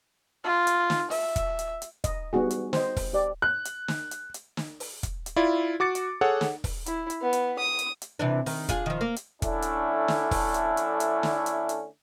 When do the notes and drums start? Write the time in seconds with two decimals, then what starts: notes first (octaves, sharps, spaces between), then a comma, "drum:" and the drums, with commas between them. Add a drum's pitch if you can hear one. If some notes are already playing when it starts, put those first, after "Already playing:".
0.44 F4
0.67 drum: hi-hat
0.90 drum: snare
1.11 E5, drum: open hi-hat
1.36 drum: kick, hi-hat
1.59 drum: hi-hat
1.82 drum: hi-hat
2.04 D#5, drum: kick, hi-hat
2.33 G3 B3 D#4 F#4 G#4
2.51 drum: hi-hat
2.73 C5 D#5, drum: snare
2.96 drum: kick, open hi-hat
3.13 G4 D5
3.42 F#6
3.65 drum: hi-hat
3.88 drum: snare
4.11 drum: hi-hat
4.34 drum: hi-hat
4.57 drum: snare
4.80 drum: open hi-hat
5.03 drum: kick, hi-hat
5.26 drum: hi-hat
5.36 E4 F4 D5
5.80 F#4 D6 A6 C#7
5.95 drum: hi-hat
6.21 G#4 A4 C#5 F#5
6.41 drum: snare
6.64 drum: kick, open hi-hat
6.86 E4, drum: hi-hat
7.10 drum: hi-hat
7.22 B3
7.33 drum: hi-hat
7.59 D#6
7.79 drum: hi-hat
8.02 drum: hi-hat
8.19 C3 E3 D4
8.46 D#3, drum: open hi-hat
8.69 D4 F4 G#4, drum: kick, hi-hat
8.86 D#3 F3
9.01 A#3
9.16 drum: hi-hat
9.42 D3 A3 C#4 D4 E4, drum: kick, hi-hat
9.62 drum: hi-hat
10.08 drum: snare
10.31 drum: kick, open hi-hat
10.54 drum: hi-hat
10.77 drum: hi-hat
11.00 drum: hi-hat
11.23 drum: snare
11.46 drum: hi-hat
11.69 drum: hi-hat